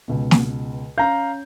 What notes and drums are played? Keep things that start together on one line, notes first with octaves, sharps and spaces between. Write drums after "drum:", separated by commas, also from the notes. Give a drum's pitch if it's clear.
C#2 B2
drum: snare
C#4 F5 A#5 G6